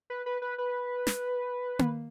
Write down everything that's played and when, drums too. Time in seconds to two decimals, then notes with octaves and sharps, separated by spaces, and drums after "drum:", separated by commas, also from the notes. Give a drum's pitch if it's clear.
0.10 B4
0.26 B4
0.42 B4
0.58 B4
1.07 drum: snare
1.79 drum: tom A#3